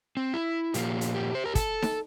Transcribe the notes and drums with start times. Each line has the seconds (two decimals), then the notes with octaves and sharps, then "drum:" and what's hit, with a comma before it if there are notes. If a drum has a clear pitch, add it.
0.17 C4
0.34 E4
0.74 A#2 F3 A#3 G4, drum: hi-hat
1.01 drum: hi-hat
1.15 G4
1.35 C5
1.46 A#4
1.55 A4, drum: kick, hi-hat
1.82 drum: snare D#4